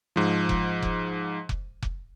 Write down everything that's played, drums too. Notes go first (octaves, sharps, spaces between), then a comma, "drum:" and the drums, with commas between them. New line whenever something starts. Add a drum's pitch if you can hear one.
G#2 F3
drum: kick F1
drum: kick F1
drum: kick F1
drum: kick F1